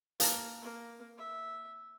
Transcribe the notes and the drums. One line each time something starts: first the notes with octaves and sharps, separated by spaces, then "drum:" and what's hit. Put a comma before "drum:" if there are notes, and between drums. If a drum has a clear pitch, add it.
A#3 F5 A5 A#5, drum: hi-hat
A#3
E5